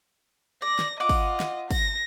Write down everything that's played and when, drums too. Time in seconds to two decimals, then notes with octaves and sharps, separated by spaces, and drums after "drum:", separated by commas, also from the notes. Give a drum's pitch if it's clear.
0.62 D5 A#6
0.79 drum: snare
1.00 F4 D#5 F#5 D6
1.09 drum: kick, open hi-hat
1.40 drum: snare
1.71 A#6, drum: kick, open hi-hat